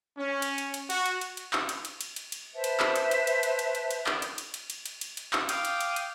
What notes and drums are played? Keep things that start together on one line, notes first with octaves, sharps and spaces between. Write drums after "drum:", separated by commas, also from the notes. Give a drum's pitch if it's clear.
C#4
drum: cymbal
drum: cymbal
drum: cymbal
F#4, drum: cymbal
drum: cymbal
drum: cymbal
drum: cymbal
drum: clap
drum: cymbal
drum: cymbal
drum: cymbal
drum: cymbal
drum: cymbal
B4 C5 E5 A5
drum: cymbal
drum: clap
drum: cymbal
drum: cymbal
drum: cymbal
drum: cymbal
drum: cymbal
drum: cymbal
drum: cymbal
drum: clap
drum: cymbal
drum: cymbal
drum: cymbal
drum: cymbal
drum: cymbal
drum: cymbal
drum: cymbal
drum: clap
F5 G5 D6 D#6, drum: cymbal
drum: cymbal
drum: cymbal
drum: cymbal